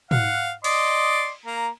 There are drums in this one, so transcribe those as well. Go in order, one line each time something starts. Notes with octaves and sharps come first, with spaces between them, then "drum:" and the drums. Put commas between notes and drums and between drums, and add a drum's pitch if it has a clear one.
F5 F#5, drum: tom
D5 D#5 C6, drum: cymbal
A#3 A#5